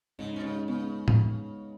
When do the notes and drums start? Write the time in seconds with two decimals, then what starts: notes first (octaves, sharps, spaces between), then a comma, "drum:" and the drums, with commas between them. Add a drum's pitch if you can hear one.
0.19 G#2 C#3
0.36 B2
0.44 G#2 C#3
0.68 C#3 B3
1.08 drum: tom